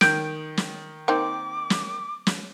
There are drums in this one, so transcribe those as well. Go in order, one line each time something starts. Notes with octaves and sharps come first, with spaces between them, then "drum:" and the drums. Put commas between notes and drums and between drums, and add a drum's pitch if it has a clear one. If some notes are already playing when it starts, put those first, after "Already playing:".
D#3 G6 D7, drum: snare
drum: snare
A#3 C4 D#4 D6
drum: snare
drum: snare